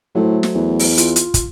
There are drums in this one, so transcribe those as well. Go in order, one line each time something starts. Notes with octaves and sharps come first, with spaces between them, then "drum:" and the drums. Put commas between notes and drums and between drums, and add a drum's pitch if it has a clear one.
A2 F#3 A3 C5
drum: snare
E2
drum: open hi-hat
F4, drum: hi-hat
drum: hi-hat
drum: kick, hi-hat